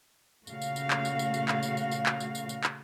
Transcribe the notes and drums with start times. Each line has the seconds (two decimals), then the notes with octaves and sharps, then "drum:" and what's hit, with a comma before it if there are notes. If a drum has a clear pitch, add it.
0.47 A#2 C#3 A3 F#4 F5, drum: tambourine
0.62 drum: tambourine
0.76 drum: tambourine
0.90 drum: clap
1.05 drum: tambourine
1.19 drum: tambourine
1.34 drum: tambourine
1.48 drum: clap
1.63 drum: tambourine
1.77 drum: tambourine
1.91 drum: tambourine
2.06 drum: clap
2.20 drum: tambourine
2.35 drum: tambourine
2.49 drum: tambourine
2.64 drum: clap